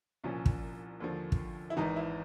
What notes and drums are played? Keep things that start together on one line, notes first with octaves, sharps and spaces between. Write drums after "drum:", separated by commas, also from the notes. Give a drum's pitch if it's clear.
C2 A#2 F3 C#4
drum: kick
D#2 D3 F3
drum: kick
E4
G#1 G#2 E3 D#4
E4